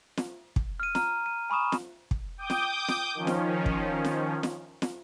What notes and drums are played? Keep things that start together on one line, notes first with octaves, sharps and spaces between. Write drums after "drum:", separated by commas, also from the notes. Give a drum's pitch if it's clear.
drum: snare
drum: kick
F6 D#7
A#5 F6, drum: snare
D#7
G#5 B5 C#6 D#6 E7
drum: snare
drum: kick
G5 D6 D#6 G6
drum: snare
drum: snare
D#3 F3 C#4
drum: snare
drum: kick
drum: snare
drum: snare
drum: snare